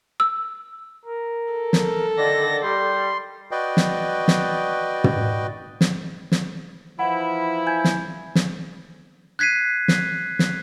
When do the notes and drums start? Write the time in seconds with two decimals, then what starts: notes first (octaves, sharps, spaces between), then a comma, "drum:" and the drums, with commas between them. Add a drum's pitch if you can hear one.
0.20 E6
1.05 A#4
1.52 A4
1.73 drum: snare
2.17 D3 D#3 D5 A#6
2.62 G3 C6
3.51 F#4 B4 D5 D#5 G5
3.77 drum: snare
4.28 drum: snare
5.04 drum: tom
5.81 drum: snare
6.32 drum: snare
6.99 E3 F3 E4 F#5 B5
7.67 G#5 G6 G#6
7.84 drum: snare
8.35 drum: snare
9.39 F#6 G#6 B6 C7 D#7
9.88 drum: snare
10.39 drum: snare